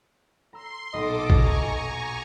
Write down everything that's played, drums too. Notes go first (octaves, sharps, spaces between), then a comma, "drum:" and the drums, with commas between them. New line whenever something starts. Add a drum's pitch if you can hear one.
A#5 C6 E6
B1 A#2 A4 D#5 D6
G#5 A#5 C#6, drum: kick A1
D6